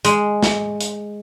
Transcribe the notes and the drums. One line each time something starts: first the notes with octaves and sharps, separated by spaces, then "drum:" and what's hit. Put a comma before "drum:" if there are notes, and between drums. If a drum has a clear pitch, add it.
G#3, drum: hi-hat
drum: snare
drum: hi-hat